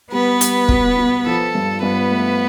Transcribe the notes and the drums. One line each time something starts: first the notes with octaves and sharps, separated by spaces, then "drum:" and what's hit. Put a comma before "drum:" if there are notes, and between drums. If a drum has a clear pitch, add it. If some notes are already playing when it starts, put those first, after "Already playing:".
G3 B3 B4
G3, drum: hi-hat
B2, drum: kick
B2
F3 A4
G2
G2 B3 B4
A3